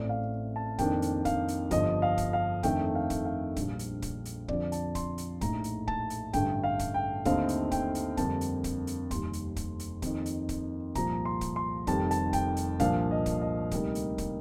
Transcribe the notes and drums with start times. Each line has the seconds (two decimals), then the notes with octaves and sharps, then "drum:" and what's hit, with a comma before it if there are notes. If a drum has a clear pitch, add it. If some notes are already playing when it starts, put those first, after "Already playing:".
Already playing: A1 A2 A3 C4 D5
0.09 F5
0.56 A5
0.78 F2 D#3 A#3 D4 G5, drum: kick, hi-hat
1.02 drum: hi-hat
1.25 F5, drum: kick, hi-hat
1.48 drum: hi-hat
1.71 G1 G2 D3 F3 D#5, drum: kick, hi-hat
2.02 F5
2.18 drum: kick, hi-hat
2.33 F5
2.63 F2 D#3 A3 D4 G5, drum: kick, hi-hat
2.95 F5
3.10 drum: kick, hi-hat
3.25 F5
3.56 A#1 A#2 G3 D4, drum: kick, hi-hat
3.79 drum: hi-hat
4.02 drum: kick, hi-hat
4.25 drum: hi-hat
4.48 F2 D3 F3 D5, drum: kick
4.72 A5, drum: hi-hat
4.95 C6, drum: kick, hi-hat
5.18 drum: hi-hat
5.41 A#1 A2 A3 D#4 A#5, drum: kick, hi-hat
5.64 drum: hi-hat
5.88 A5, drum: kick
6.10 drum: hi-hat
6.33 A1 G2 D3 A3 G5, drum: kick, hi-hat
6.64 F5
6.79 drum: kick, hi-hat
6.94 G5
7.25 D#2 D3 A3 C4 D#4 F5, drum: kick, hi-hat
7.49 drum: hi-hat
7.72 G5, drum: kick, hi-hat
7.95 drum: hi-hat
8.17 F2 D3 G3 A#3 D4 A5, drum: kick, hi-hat
8.41 drum: hi-hat
8.64 drum: kick, hi-hat
8.87 drum: hi-hat
9.11 F1 D#2 D#3 G3 C6, drum: kick, hi-hat
9.33 drum: hi-hat
9.56 drum: kick, hi-hat
9.80 drum: hi-hat
10.02 F2 D#3 A#3 D#4, drum: kick, hi-hat
10.26 drum: hi-hat
10.49 drum: kick, hi-hat
10.95 C2 A#2 F3 A#5, drum: kick, hi-hat
11.25 C6
11.41 drum: kick, hi-hat
11.56 C6
11.87 F1 F2 D#3 G3 A5, drum: kick, hi-hat
12.11 A5, drum: hi-hat
12.33 G5, drum: kick, hi-hat
12.57 drum: hi-hat
12.80 C2 A#2 F3 A#3 D4 F5, drum: kick, hi-hat
13.11 D#5
13.26 drum: kick, hi-hat
13.42 D#5
13.71 D2 C3 G3 A#3 D#4, drum: kick, hi-hat
13.95 drum: hi-hat
14.18 drum: kick, hi-hat